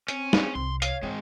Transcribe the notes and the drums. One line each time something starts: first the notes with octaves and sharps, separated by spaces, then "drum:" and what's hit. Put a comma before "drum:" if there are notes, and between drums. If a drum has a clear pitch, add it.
C4 C#4, drum: hi-hat
drum: snare
C2 C6
C#5 F5, drum: hi-hat
E3 G#3 C4